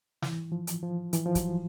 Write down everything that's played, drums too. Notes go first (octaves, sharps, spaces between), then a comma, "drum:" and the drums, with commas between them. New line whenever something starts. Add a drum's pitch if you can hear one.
E3, drum: snare
F3
drum: hi-hat
F3
E3, drum: hi-hat
F3
F#3, drum: kick, hi-hat